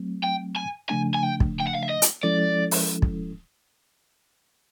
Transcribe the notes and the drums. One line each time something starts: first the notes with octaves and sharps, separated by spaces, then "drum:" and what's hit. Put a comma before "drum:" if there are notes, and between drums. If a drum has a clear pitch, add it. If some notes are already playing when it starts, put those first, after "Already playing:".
Already playing: F#3 A3 C4
G5
G#5
C#3 F3 A3 D4 G#5
G#5
G5
drum: kick
G5
F#5
F5
E5
D#5
drum: hi-hat
F3 G#3 C#4 E4 A4 D5
drum: open hi-hat
drum: kick